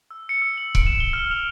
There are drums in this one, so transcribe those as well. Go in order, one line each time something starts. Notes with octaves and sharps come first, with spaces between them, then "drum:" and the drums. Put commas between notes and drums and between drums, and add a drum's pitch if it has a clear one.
E6
C#7
E6
F#7
D7, drum: kick
E7
G7
F6
F7